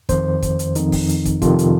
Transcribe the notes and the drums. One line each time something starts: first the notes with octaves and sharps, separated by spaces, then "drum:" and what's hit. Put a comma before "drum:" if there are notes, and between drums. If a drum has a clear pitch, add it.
F2 D#3 C5, drum: kick, hi-hat
drum: kick, hi-hat
drum: hi-hat
F2 D#3 D#4, drum: hi-hat
drum: kick, open hi-hat
drum: hi-hat
drum: kick, hi-hat
F2 C3 D#3 F4, drum: kick, hi-hat
drum: hi-hat